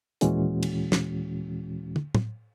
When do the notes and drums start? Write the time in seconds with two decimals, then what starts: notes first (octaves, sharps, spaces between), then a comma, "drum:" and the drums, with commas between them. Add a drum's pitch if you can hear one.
0.21 D#2 A#2 E3 G#3 C#4 F#4, drum: hi-hat
0.63 drum: cymbal
0.92 drum: snare
1.96 drum: tom
2.15 drum: tom